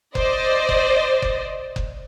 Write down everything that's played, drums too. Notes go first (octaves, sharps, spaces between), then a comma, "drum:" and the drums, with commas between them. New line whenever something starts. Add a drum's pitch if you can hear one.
C5 D5 D#5, drum: kick F#1
drum: kick F#1
drum: kick F#1
drum: kick F#1